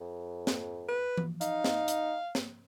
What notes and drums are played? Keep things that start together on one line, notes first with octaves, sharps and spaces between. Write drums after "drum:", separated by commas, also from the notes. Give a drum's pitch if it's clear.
F2
drum: snare
B4
drum: tom E3
D#4 F5, drum: hi-hat
drum: snare
drum: hi-hat
drum: snare